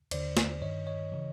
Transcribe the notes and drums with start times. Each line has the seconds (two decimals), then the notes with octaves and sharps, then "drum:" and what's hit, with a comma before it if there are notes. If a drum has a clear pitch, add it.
0.11 D#2 D3 C5 D5, drum: cymbal
0.37 drum: snare
0.62 G2 D#3 C#5 D#5
0.87 C#5 D#5
1.12 C#3 E3